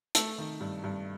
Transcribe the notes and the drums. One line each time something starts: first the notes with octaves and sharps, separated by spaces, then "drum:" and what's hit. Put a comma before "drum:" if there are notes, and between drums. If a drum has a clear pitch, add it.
A3 A4, drum: hi-hat
D#3
G2
G2